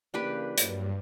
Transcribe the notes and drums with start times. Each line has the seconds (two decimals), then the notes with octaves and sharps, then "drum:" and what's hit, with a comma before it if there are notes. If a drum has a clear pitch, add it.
0.14 C#3 E3 A#3 D4 G4 B4
0.58 G2 F3 F#3 A#3, drum: hi-hat